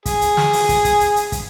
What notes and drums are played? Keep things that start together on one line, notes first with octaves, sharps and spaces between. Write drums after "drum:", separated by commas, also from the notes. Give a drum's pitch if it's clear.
G#4, drum: kick, hi-hat
drum: hi-hat
drum: snare
drum: open hi-hat
drum: kick, hi-hat
drum: kick, hi-hat
drum: hi-hat
drum: hi-hat
drum: kick, hi-hat